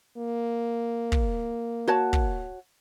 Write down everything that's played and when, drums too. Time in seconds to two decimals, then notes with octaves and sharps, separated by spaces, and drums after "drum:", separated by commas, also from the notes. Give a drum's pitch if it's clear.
0.17 A#3
1.12 drum: kick
1.88 F#4 C#5 A5
2.13 drum: kick